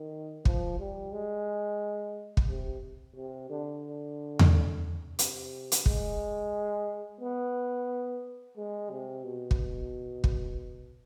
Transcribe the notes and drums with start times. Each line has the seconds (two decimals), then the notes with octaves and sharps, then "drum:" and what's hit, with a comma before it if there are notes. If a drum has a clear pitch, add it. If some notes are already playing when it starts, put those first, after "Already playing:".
Already playing: D#3
0.45 F3, drum: kick
0.79 G3
1.12 G#3
2.37 drum: kick
2.48 C3
3.16 C3
3.50 D3
4.39 drum: tom E2
5.19 C3, drum: hi-hat
5.72 drum: hi-hat
5.86 G#3, drum: kick
7.21 B3
8.57 G#3
8.91 C3
9.24 B2
9.51 drum: kick
10.24 drum: kick